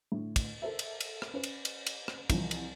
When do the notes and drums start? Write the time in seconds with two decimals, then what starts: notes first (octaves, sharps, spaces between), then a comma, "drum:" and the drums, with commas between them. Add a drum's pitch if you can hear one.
0.12 A2 D3
0.36 drum: kick, cymbal
0.62 A4 A#4 C5 E5
0.79 drum: cymbal
1.00 drum: cymbal
1.22 drum: rim click
1.34 C#4 B4 C5
1.44 drum: cymbal
1.65 drum: cymbal
1.87 drum: cymbal
2.08 drum: rim click
2.30 C2 E3 F3, drum: kick, cymbal
2.51 drum: cymbal